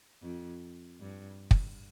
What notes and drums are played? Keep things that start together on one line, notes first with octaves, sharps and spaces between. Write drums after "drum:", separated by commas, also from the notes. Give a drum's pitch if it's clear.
F2
G2
drum: kick